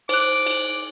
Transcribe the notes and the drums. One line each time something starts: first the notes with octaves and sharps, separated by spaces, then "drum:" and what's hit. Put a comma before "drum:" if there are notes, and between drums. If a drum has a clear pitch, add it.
C5 D6 F#6, drum: cymbal
drum: cymbal